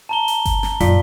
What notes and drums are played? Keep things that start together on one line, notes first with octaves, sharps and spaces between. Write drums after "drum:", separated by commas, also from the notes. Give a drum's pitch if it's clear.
A5 A#5 G7
drum: hi-hat
drum: kick G1, hi-hat
drum: snare
F#2 A#2 B6, drum: hi-hat